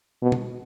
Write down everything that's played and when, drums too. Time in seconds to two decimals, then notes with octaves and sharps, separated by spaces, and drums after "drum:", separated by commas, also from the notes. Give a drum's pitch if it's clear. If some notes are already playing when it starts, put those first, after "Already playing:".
0.22 B2
0.32 drum: tom